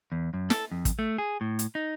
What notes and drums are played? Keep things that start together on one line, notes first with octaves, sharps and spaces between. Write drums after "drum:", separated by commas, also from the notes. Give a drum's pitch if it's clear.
E2
F#2
A4, drum: snare
F2
drum: kick, hi-hat
A3
G#4
A2
drum: hi-hat
D#4